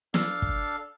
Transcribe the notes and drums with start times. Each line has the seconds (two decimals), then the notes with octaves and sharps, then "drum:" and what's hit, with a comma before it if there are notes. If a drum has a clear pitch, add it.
0.14 D4 A4 F5, drum: snare
0.42 drum: kick